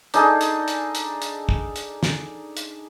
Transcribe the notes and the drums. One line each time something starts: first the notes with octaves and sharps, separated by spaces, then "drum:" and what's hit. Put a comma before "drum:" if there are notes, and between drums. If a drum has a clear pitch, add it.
D4 D#4 G#4 A4, drum: hi-hat
drum: hi-hat
drum: hi-hat
drum: hi-hat
drum: hi-hat
drum: kick
drum: hi-hat
drum: snare
drum: hi-hat